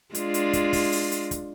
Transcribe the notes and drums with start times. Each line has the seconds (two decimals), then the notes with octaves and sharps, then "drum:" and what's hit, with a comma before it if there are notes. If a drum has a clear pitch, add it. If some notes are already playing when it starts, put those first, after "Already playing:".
0.15 G#3 D4 F4, drum: hi-hat
0.34 drum: hi-hat
0.53 drum: kick, hi-hat
0.73 drum: kick, open hi-hat
0.92 drum: open hi-hat
1.12 drum: hi-hat
1.31 drum: kick, hi-hat